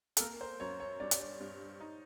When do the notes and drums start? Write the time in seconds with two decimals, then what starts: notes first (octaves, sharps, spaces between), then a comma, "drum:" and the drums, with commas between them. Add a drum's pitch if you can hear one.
0.17 A4, drum: hi-hat
0.20 A#3 A#4
0.41 C5
0.60 F#2 C#5
0.80 C#5
1.00 G2 D5
1.11 C#5, drum: hi-hat
1.21 D5
1.40 G2
1.80 D#4